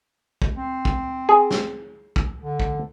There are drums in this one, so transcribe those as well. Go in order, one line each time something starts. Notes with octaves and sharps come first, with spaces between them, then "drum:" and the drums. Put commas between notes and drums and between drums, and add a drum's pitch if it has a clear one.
drum: kick
C4
drum: kick
G#4
drum: snare
drum: kick
D3
drum: kick